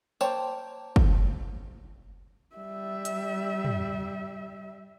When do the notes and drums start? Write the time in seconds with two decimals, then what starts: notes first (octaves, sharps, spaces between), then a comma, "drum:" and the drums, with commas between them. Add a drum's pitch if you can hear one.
0.21 A#3 C5 C#5 G5 A5, drum: tambourine
0.96 drum: kick
2.56 G3 E5
3.05 drum: hi-hat
3.65 drum: tom